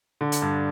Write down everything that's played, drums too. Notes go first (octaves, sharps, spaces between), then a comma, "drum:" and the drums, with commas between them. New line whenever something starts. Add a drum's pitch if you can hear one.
D3
drum: hi-hat
G2